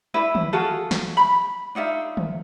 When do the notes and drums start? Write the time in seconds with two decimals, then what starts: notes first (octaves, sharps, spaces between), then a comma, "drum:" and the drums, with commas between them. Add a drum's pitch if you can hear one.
0.14 D4 E4 B4 E5
0.35 drum: tom
0.53 F4 F#4 G#4 A4
0.91 drum: snare
1.17 B5
1.75 D4 D#4 F4 E5
2.17 drum: tom